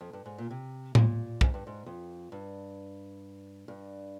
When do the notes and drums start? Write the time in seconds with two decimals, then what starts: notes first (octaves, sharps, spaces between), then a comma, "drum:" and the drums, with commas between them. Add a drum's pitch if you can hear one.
0.01 F2
0.13 G2
0.26 G#2
0.38 A#2
0.50 C3
0.95 A#2, drum: tom A2
1.41 G#2, drum: kick
1.54 G2
1.67 G#2
1.86 F2
2.32 G2
3.68 G2